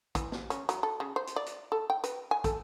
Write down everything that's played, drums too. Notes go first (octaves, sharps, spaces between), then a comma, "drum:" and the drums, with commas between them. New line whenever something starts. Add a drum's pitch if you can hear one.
E3, drum: kick, hi-hat
drum: snare
C#4, drum: hi-hat
F#3, drum: hi-hat
A4
C#3
C5
drum: hi-hat
D5
drum: hi-hat
A4
G5
B4, drum: hi-hat
G#5
A4, drum: kick, hi-hat